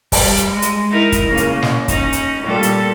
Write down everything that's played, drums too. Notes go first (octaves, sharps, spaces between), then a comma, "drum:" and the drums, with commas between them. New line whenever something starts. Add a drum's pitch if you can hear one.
G3, drum: kick, open hi-hat
drum: hi-hat
G#3
drum: hi-hat
D#4 E4 A#4
drum: kick, hi-hat
C#3 A#3
drum: hi-hat
drum: snare
C#4 D#4, drum: kick, hi-hat
drum: hi-hat
A#2 G3 A4
drum: hi-hat